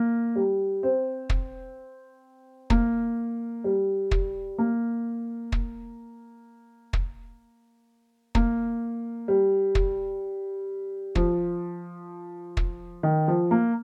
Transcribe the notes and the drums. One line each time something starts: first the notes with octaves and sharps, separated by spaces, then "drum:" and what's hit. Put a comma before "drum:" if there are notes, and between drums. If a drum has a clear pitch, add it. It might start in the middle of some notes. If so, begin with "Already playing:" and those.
Already playing: A#3
G3
C4
drum: kick
A#3, drum: kick
G3
drum: kick
A#3
drum: kick
drum: kick
A#3, drum: kick
G3
drum: kick
F3, drum: kick
drum: kick
D#3
F3
A#3